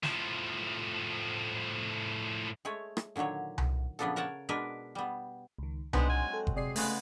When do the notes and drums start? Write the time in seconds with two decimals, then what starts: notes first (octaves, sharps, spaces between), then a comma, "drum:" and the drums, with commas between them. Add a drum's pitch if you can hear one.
0.03 A2 F3, drum: snare
2.65 G#3 A3 C#5
2.97 drum: rim click
3.16 A#2 D3 D#3 F#3 C#5
3.58 drum: tom C2
3.99 A#2 C#3 F3 B3 D4 A4
4.16 A#4 C#5 F#5 A5
4.49 B2 G#3 D4 A#4 B4
4.95 G3 B3
5.58 C#2 D#3
5.93 F#3 G#3 B3 C4 D4 D#4, drum: tom C2
6.09 G#5
6.33 A4
6.47 drum: kick F#1
6.56 C3 G#4 D5 C7
6.76 C#3 G#3 A3 B3, drum: open hi-hat